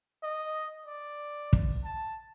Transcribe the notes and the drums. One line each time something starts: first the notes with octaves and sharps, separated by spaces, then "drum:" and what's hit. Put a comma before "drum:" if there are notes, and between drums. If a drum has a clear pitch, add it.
D#5
D5
drum: kick
A5